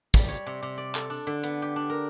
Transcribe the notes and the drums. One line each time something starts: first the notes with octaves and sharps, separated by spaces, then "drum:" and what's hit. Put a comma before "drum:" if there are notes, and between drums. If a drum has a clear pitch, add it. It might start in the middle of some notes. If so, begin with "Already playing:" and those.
G3, drum: kick, hi-hat
C#5
C3
C3
D5
A4, drum: clap
D4
D3
B3, drum: hi-hat
G4
D4
A#4